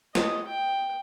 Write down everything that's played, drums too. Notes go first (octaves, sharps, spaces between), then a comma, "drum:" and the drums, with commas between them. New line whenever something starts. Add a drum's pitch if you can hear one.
D#5, drum: snare
G5